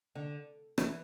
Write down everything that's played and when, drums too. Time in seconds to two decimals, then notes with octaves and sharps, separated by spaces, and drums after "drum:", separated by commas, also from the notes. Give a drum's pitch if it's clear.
0.15 D3
0.78 E3, drum: rim click